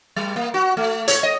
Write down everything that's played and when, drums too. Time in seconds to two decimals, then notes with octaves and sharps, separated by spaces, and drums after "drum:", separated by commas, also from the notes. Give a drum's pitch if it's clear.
0.16 G3
0.36 A#3
0.54 F#4
0.77 A3
1.08 C#5, drum: hi-hat
1.23 D#5